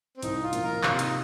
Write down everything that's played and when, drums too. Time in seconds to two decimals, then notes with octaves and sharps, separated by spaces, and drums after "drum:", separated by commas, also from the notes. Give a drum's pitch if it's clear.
0.17 C4
0.23 C2 D#4, drum: hi-hat
0.43 F4
0.53 A#2 F3, drum: hi-hat
0.63 A#4
0.83 C3 F4, drum: clap
0.99 D#4, drum: hi-hat